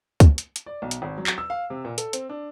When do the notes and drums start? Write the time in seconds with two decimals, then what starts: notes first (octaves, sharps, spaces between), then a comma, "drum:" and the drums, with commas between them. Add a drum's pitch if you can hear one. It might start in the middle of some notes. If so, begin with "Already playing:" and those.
0.20 drum: kick C#2, hi-hat
0.38 drum: hi-hat
0.56 drum: hi-hat
0.66 D5
0.82 B1
0.91 drum: hi-hat
1.02 G#1
1.18 F#3
1.27 drum: clap
1.38 E6
1.50 F5
1.70 C3
1.85 A#2
1.98 A4, drum: hi-hat
2.13 C4, drum: hi-hat
2.29 D4